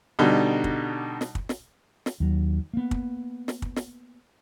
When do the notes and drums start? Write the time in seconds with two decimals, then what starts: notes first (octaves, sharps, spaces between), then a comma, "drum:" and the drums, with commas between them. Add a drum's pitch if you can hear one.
0.19 B2 D3 G3 D#4
0.64 drum: kick
1.21 drum: snare
1.35 drum: kick
1.49 drum: snare
2.06 drum: snare
2.20 D#2 F#3
2.73 A#3 B3
2.91 drum: kick
3.48 drum: snare
3.62 drum: kick
3.76 drum: snare